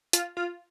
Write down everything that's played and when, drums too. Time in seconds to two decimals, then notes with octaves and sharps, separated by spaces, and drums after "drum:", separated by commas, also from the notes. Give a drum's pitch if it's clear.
0.13 F4, drum: hi-hat
0.37 F4